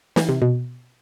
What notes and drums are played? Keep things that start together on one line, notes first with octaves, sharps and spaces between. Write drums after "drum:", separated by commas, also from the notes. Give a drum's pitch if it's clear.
E3, drum: snare
C3
B2